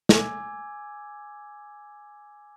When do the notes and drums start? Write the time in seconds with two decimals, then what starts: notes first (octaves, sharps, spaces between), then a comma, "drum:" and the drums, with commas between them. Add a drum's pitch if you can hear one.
0.09 G#5 D6 E6 G#6, drum: snare